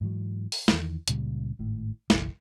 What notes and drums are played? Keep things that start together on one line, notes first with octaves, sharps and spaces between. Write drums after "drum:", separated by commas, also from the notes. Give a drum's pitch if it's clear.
G#2 E3 F#3
drum: open hi-hat
E2 D#3 E3, drum: snare
C#2 A#2 C#3 G3, drum: hi-hat
G#1 A2
F#1 B1 E3, drum: snare